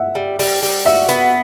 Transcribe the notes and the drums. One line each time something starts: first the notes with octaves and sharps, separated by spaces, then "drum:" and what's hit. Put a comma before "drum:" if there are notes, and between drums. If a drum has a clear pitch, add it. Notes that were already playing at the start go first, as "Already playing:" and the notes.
Already playing: E5 F#5
G3
G3, drum: open hi-hat
G3, drum: open hi-hat
F#4 E5
B3, drum: hi-hat